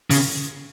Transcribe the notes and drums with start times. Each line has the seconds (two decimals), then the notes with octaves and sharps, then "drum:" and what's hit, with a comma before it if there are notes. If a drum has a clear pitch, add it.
0.10 C#3, drum: open hi-hat